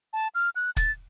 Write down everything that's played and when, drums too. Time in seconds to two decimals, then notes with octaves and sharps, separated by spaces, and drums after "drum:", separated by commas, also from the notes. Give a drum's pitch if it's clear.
0.13 A5
0.35 F6
0.56 F#6
0.77 A6, drum: kick, hi-hat